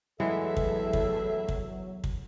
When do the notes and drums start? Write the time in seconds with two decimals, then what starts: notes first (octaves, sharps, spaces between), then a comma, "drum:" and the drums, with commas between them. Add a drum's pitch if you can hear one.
0.20 E2 A2 E3 F#3 G#3 B3 A4 E5
0.57 drum: kick
0.93 drum: kick
1.48 drum: kick
2.04 drum: kick